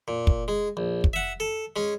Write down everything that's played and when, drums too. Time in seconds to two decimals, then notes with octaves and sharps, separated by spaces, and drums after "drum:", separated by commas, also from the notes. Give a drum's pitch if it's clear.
0.08 A#2
0.27 drum: kick
0.48 G#3
0.77 A#1
1.04 drum: kick
1.13 E5 F#5
1.40 A4
1.76 G#3 C#4